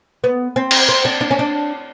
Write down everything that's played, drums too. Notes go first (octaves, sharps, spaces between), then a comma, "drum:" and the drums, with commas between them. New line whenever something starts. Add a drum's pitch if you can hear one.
B3
C4
drum: cymbal
C4
D4
D4
C#4
D4